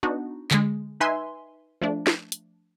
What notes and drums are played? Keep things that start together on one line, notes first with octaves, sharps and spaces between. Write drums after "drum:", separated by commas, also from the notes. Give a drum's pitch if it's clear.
B3 D4 D#4 F#4
D3 G#3, drum: clap
D#4 B4 E5 G#5 C6
F3 A3 D4
drum: snare
drum: hi-hat